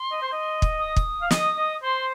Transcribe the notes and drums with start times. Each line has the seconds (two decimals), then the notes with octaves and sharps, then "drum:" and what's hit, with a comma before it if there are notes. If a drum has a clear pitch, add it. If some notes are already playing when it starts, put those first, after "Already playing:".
Already playing: C6
0.11 D#5
0.22 C5
0.32 D#5
0.62 drum: kick
0.80 D#6
0.96 drum: kick
1.21 F5
1.31 D#5 D#6, drum: snare
1.57 D#5
1.82 C5 C6